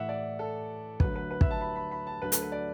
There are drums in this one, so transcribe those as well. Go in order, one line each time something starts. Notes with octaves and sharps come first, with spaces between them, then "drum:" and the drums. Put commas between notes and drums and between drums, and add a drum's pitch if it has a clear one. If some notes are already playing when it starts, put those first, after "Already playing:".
Already playing: A2 E3 E5 F#5
D5
A4
D2 D3 F#3 B4, drum: kick
B4
B4
E5, drum: kick
A5
B5
B5
B5
A5
D2 D3 F#3 B4
A4, drum: hi-hat
B4
D5